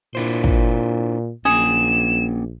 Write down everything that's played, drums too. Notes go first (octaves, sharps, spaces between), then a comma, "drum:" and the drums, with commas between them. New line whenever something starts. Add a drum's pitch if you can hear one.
A#2 D4 E4 C5
drum: kick
A#1 A#3 C#4 G#4 E7